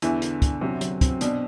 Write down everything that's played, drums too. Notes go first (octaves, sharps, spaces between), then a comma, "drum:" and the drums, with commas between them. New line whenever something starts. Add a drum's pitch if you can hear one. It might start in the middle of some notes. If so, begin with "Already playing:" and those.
E2 D3 E3, drum: hi-hat
D3, drum: hi-hat
D3, drum: kick, hi-hat
C3 F#3
F#3, drum: hi-hat
C4, drum: kick, hi-hat
B2 D4, drum: hi-hat